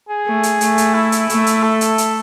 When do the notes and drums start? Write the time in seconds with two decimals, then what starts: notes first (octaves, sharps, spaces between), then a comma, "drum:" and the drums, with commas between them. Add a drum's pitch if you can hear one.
0.09 G#4
0.26 A3
0.43 drum: hi-hat
0.61 A3, drum: hi-hat
0.78 drum: hi-hat
0.94 E4
1.12 drum: hi-hat
1.29 A3, drum: hi-hat
1.46 drum: hi-hat
1.63 A4
1.81 drum: hi-hat
1.98 drum: hi-hat